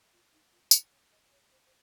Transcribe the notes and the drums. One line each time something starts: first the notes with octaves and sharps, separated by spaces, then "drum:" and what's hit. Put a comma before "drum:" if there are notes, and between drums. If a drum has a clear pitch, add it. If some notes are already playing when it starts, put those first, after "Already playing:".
F4
D#4
F4
F4, drum: tambourine
C#5
D#5
C#5
C5
C5